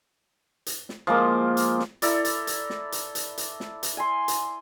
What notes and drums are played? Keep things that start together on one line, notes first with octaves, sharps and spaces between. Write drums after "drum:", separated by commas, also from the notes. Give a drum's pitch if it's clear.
drum: hi-hat
drum: snare
F3 G#3 A#3
drum: hi-hat
drum: snare
E4 A4 A#4 D5, drum: hi-hat
drum: hi-hat
drum: hi-hat
drum: snare
drum: hi-hat
drum: hi-hat
drum: hi-hat
drum: snare
drum: hi-hat
G#5 C6
drum: hi-hat